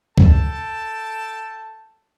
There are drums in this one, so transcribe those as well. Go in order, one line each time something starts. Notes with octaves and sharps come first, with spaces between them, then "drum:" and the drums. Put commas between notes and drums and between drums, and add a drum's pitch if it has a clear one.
A4 G5 A5, drum: kick C#2